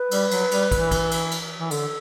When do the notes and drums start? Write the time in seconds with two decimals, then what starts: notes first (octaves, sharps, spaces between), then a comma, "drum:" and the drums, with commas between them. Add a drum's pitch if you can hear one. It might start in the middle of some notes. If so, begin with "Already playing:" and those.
Already playing: B4
0.11 G3, drum: cymbal
0.31 F#3, drum: cymbal
0.51 G3, drum: cymbal
0.71 E3, drum: kick, cymbal
0.91 drum: kick, cymbal
1.11 drum: cymbal
1.31 drum: cymbal
1.60 E3
1.71 D3 A4, drum: cymbal